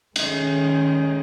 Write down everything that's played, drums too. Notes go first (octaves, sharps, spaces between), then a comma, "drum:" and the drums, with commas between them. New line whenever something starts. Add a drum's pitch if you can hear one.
D#3 G#3 C#4, drum: cymbal